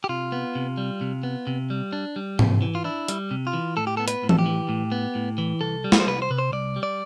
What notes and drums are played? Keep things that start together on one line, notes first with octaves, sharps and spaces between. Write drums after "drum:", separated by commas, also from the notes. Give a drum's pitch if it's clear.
G4
C3 F4
B3
C3
G3
C3
B3
C3
G3
D4
G3
C3, drum: tom G#2
E3
F4
D4 E4
G3, drum: hi-hat
C3
F4
E3
A2 A4
G4
B3 A4
B4, drum: hi-hat
A2
A4, drum: tom E3
G4
E3
A2
B3
A2
E3
C2 A4
G3
B4, drum: snare
C5
C2 B4
C5
C3 B4
C5
C2 D5
G3
D5